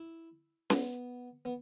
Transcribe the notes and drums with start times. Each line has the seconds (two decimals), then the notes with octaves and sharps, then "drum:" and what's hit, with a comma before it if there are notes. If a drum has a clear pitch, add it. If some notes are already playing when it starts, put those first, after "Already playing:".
Already playing: E4
0.70 B3, drum: snare C#4
1.45 B3